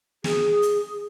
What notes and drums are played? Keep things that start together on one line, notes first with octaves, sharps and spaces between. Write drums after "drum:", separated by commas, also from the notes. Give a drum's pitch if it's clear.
G#4, drum: snare
drum: hi-hat